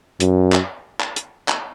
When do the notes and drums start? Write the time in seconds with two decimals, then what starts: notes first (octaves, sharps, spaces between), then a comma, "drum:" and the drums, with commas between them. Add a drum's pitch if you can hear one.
0.20 F#2, drum: hi-hat
0.52 drum: clap
1.00 drum: clap
1.16 drum: hi-hat
1.48 drum: clap